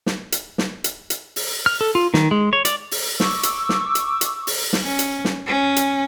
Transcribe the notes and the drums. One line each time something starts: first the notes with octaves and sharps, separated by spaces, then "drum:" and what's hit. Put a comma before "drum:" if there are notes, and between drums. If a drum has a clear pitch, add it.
drum: snare
drum: hi-hat
drum: snare
drum: hi-hat
drum: hi-hat
drum: open hi-hat
F6
A4
F4
D#3, drum: snare
G#3
C#5
D5, drum: hi-hat
drum: open hi-hat
C#6 D6 E6, drum: snare
drum: hi-hat
drum: snare
drum: hi-hat
drum: hi-hat
drum: open hi-hat
drum: snare
C#4
drum: hi-hat
drum: snare
C#4
drum: hi-hat